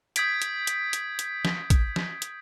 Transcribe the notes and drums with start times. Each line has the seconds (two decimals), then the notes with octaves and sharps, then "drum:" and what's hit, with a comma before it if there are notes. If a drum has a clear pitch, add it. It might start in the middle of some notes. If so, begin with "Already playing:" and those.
0.16 D#6 G6 G#6 B6 D7, drum: hi-hat
0.42 drum: hi-hat
0.67 drum: hi-hat
0.93 drum: hi-hat
1.19 drum: hi-hat
1.45 drum: snare
1.70 drum: kick A1, hi-hat
1.96 drum: snare
2.22 drum: hi-hat